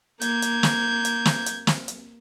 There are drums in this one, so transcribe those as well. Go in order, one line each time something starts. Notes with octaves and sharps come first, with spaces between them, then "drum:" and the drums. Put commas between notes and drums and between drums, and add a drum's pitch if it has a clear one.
A#3 G6 G#6, drum: hi-hat
drum: hi-hat
drum: snare
drum: hi-hat
drum: snare
drum: hi-hat
drum: snare
drum: hi-hat